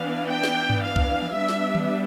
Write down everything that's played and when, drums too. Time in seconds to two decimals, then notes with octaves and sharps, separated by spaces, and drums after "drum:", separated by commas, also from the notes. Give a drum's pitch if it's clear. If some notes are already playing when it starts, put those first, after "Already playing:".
Already playing: E3 B3 D4 F5
0.30 G5
0.43 drum: snare
0.70 drum: tom G2
0.82 F5
0.96 drum: kick
1.22 drum: tom E3
1.35 G3 B3 D4 E5
1.49 drum: snare
1.75 drum: tom D#3